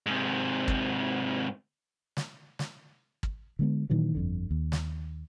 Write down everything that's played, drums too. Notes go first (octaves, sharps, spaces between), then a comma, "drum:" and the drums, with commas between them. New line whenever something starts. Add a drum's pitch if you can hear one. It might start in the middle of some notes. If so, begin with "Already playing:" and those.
G#2 C3
drum: kick
drum: snare
drum: snare
drum: kick
D3 G#3 B3
A#2 D#3 E3 F#3
G1 F2 D3
D#2
drum: snare